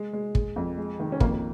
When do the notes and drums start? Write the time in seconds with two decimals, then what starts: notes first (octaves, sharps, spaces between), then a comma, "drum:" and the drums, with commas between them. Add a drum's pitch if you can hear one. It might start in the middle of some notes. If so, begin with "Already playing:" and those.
Already playing: G#3
0.13 G#3
0.35 G#3, drum: kick
0.56 F2
0.77 G#3
1.00 D#3
1.12 C#4
1.20 F2 A#3, drum: kick
1.31 A#3